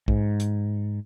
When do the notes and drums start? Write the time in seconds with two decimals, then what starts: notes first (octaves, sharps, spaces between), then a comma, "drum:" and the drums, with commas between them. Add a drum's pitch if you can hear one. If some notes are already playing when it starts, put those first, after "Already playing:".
0.08 G#2, drum: kick
0.40 drum: hi-hat